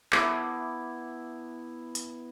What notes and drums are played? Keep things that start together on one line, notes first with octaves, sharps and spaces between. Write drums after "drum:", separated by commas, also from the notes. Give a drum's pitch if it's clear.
B3 E4 E5 A5 D6, drum: clap
drum: hi-hat